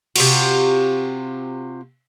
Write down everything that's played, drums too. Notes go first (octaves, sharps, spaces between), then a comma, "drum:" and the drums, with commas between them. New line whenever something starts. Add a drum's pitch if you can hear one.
C3 F4 F#4, drum: cymbal